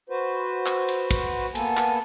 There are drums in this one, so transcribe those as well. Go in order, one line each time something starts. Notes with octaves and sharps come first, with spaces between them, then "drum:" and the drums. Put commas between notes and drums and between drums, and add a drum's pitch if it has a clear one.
F#4 B4 C5
drum: clap
drum: cymbal
drum: kick, cymbal
A#3 B3 A4 G#5 A5, drum: cymbal
drum: clap